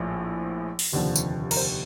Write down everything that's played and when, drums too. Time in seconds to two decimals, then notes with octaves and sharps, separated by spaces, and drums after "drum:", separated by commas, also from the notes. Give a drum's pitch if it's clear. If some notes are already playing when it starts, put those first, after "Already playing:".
Already playing: A#1 A2 F3
0.79 drum: open hi-hat
0.92 F1 D#2 D3 F3
1.16 drum: tambourine
1.51 A#4, drum: cymbal
1.57 C5